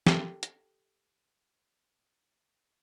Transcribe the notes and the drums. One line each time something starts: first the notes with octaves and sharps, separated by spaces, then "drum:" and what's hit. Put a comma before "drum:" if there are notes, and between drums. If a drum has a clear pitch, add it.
G4 A4 A#4, drum: snare
drum: hi-hat